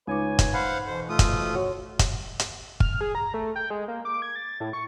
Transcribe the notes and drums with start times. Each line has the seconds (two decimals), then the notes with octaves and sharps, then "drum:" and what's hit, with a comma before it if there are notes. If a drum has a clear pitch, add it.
0.07 C#2 D#4 B4 C#5 G#5 D6
0.39 drum: kick, hi-hat
0.54 C5 F5 F#5 B5
0.86 F2 B2 E3 C5
1.09 A3 F4 D#6
1.19 drum: kick, hi-hat
1.55 F#4 C#5
1.99 drum: kick, hi-hat
2.39 drum: hi-hat
2.80 F6, drum: kick
3.01 G#4
3.15 A#5
3.34 A3
3.56 G5
3.70 G#3
3.88 A#3
4.05 D6
4.22 G#6
4.35 A6
4.60 A2
4.73 C#6